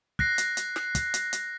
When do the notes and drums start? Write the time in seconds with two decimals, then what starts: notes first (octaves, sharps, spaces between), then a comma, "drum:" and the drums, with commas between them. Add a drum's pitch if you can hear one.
0.19 F#6 A#6 C7, drum: kick
0.38 drum: hi-hat
0.57 drum: hi-hat
0.76 drum: snare
0.95 drum: kick, hi-hat
1.14 drum: hi-hat
1.33 drum: hi-hat